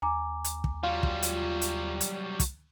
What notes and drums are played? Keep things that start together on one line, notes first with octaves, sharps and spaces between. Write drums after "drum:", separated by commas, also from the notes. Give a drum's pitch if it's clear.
D#2 G#5 A#5 D6
drum: hi-hat
drum: kick
F#3 G3 F4
drum: kick
drum: hi-hat
drum: hi-hat
drum: hi-hat
drum: kick, hi-hat